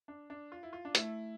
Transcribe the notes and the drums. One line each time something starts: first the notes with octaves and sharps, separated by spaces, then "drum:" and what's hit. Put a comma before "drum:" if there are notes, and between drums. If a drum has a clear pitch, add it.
D4
D4
F4
E4
F4
D4
A3 E4, drum: hi-hat